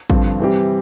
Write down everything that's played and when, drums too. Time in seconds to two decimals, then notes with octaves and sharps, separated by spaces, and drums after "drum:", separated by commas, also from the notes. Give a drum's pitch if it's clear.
0.10 G2 D3 F3 C4, drum: kick A1
0.40 C3 E3 G3 C4 G4